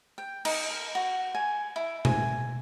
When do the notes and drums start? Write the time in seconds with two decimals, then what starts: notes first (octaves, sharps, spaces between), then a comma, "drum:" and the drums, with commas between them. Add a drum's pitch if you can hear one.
0.18 G5
0.45 D#4, drum: cymbal
0.70 A#4
0.95 F#4
1.35 G#5
1.76 E4
2.05 G#5, drum: tom B2